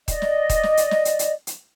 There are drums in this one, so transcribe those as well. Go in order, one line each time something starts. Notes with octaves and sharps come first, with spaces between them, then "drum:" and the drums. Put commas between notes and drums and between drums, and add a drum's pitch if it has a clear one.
D5 D#5, drum: kick D#1, hi-hat
drum: snare
drum: kick D#1, hi-hat
drum: snare
drum: hi-hat
drum: snare
drum: hi-hat
drum: hi-hat
drum: hi-hat